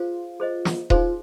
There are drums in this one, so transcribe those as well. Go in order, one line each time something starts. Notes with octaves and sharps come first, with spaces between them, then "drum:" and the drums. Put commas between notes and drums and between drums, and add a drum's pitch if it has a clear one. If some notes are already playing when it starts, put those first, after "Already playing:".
Already playing: F4 G#4 C5 F5
G#4 C5 D#5
drum: snare
D#4 F4 G#4 C5, drum: kick D#1